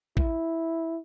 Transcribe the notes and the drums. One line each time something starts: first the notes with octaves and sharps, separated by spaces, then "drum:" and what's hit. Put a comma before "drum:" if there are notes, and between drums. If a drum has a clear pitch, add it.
E4, drum: kick